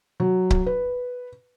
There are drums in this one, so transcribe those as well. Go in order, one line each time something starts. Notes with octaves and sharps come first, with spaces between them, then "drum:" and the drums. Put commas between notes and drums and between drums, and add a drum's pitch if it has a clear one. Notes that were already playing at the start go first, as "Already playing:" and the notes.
F#3
drum: kick C#1
B4